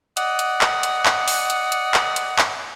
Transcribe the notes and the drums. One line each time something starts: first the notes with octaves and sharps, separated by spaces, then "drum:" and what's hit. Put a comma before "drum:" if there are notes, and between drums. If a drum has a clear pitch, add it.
D5 D#5 F#5, drum: hi-hat
drum: hi-hat
drum: clap
drum: hi-hat
drum: clap
drum: open hi-hat
drum: hi-hat
drum: hi-hat
drum: clap
drum: hi-hat
drum: clap